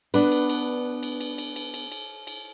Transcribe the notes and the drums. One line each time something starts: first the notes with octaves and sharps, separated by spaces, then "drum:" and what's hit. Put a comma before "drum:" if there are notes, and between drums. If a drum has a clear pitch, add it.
B3 D4 B4, drum: cymbal
drum: cymbal
drum: cymbal
drum: cymbal
drum: cymbal
drum: cymbal
drum: cymbal
drum: cymbal
drum: cymbal
drum: cymbal